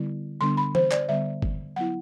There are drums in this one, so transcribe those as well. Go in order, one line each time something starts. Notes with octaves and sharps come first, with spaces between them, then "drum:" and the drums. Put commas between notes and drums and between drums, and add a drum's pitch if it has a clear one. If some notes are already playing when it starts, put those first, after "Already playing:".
Already playing: D3 G3 B3 E4
D3 G3 B3 D4 C6
B5
C5, drum: tom E3
D5, drum: clap
D3 G3 B3 E5
drum: kick G1
F#3 B3 E4 F#5